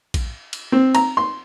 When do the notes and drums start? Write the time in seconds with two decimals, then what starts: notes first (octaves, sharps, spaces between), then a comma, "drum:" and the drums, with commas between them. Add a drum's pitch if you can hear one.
0.14 drum: kick A#1, cymbal
0.53 drum: cymbal
0.72 C4
0.95 A#5, drum: cymbal
1.17 C6